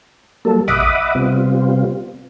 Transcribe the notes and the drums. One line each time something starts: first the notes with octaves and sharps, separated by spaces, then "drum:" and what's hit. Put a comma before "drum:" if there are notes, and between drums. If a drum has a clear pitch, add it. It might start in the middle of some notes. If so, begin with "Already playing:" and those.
F#3 G3 A#3 A4
D#5 E5 F#5 B5 D6 D#6, drum: tom
C3 G3 B3 C4 F4